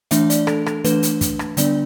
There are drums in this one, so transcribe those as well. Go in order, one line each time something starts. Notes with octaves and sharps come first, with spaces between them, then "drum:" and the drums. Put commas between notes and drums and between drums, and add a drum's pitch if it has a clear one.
E3 A3 D4 E5, drum: hi-hat
D5, drum: hi-hat
A4, drum: rim click
A4, drum: rim click
E3 A3 D4 B4, drum: hi-hat
drum: hi-hat
drum: kick, hi-hat
drum: rim click
D3 G3 B3 D4 D5, drum: hi-hat